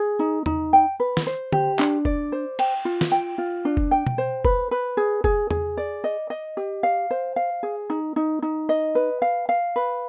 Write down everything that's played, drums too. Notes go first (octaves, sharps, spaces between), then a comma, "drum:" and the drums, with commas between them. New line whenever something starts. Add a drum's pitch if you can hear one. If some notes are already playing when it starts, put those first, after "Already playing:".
Already playing: G#4
D#4
D#4, drum: tom E2
G5
B4
drum: snare
C5
G4, drum: tom D3
D4, drum: clap
D5, drum: kick F1
C5
G5, drum: cymbal
F4
drum: snare
G5
F4
D4
drum: kick F1
G5
drum: tom B2
C5
B4, drum: kick F1
B4
G#4
G#4, drum: kick F1
G#4, drum: tom E2
D5
D#5
D#5
G4
F5
C5
F5
G#4
D#4
D#4
D#4
D#5
B4
F5
F5
B4